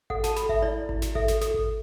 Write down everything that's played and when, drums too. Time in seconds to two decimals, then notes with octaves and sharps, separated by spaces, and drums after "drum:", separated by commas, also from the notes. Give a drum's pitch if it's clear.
0.10 A4 F#5, drum: kick G#1
0.24 A5, drum: snare
0.36 A4 B5, drum: snare
0.49 E5, drum: kick G#1
0.62 E4 D5
0.89 E4, drum: kick G#1
1.02 drum: snare
1.15 A4 E5, drum: kick G#1
1.28 drum: snare
1.41 A4, drum: snare
1.54 drum: kick G#1